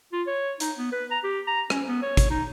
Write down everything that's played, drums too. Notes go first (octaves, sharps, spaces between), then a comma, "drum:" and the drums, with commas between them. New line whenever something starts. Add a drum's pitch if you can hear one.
F4
C#5
D#4, drum: hi-hat
B3
B4
A#5
G4
A#5
C#4, drum: rim click
B3
C#5
drum: kick, hi-hat
D#4